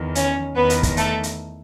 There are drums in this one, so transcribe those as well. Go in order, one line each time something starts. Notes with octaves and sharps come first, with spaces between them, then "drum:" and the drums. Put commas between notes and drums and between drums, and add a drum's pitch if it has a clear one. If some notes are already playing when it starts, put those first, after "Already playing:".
Already playing: E2 D#3
C#4 C#5, drum: hi-hat
E2 D#3 B3 B4
drum: hi-hat
drum: kick, hi-hat
A3 A4, drum: hi-hat
drum: hi-hat